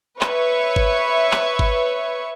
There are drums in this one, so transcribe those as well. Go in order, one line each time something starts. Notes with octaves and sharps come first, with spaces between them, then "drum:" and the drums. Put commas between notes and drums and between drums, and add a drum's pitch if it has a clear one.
B4 C#5 E5 C#6, drum: clap
drum: kick
drum: clap
drum: kick